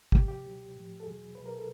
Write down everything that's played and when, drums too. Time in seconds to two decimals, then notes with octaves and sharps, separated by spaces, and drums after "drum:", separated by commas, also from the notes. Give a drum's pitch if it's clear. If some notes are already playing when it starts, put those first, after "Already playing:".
0.12 C#2 C3 F3 G4, drum: kick
0.28 G4
0.43 C#2 B2 F#3
0.75 A2 F3
1.00 A4
1.05 E2 B2 F#3 G#4
1.35 C2 B2 F#3 B4
1.46 A#4
1.56 A4